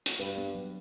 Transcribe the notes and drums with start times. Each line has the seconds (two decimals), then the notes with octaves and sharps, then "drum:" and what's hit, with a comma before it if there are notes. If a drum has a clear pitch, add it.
0.06 drum: hi-hat
0.19 G2 B4
0.38 B3
0.55 F#3